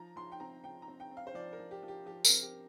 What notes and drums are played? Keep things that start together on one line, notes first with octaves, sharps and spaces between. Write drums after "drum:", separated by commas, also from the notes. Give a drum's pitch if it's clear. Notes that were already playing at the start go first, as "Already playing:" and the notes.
Already playing: F3 A#5
F3 C6
G5
C4 A#5
F3 G5
A#5
C4
G5
C4
F5
C5
F3 D5
A#4
F3
G4
F3
G4
F3 G4
C4 A#4, drum: tambourine
G4